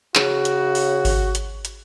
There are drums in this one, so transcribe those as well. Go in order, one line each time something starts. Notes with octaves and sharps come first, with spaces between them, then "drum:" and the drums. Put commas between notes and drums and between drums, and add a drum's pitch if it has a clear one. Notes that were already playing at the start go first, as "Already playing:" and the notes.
C#3 F#4, drum: clap
drum: hi-hat
drum: open hi-hat
drum: kick G#1, open hi-hat
drum: hi-hat
drum: hi-hat